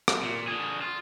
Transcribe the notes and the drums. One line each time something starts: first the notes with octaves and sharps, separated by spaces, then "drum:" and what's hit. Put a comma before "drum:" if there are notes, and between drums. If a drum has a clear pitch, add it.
drum: rim click
A#2
D3 G#4
F4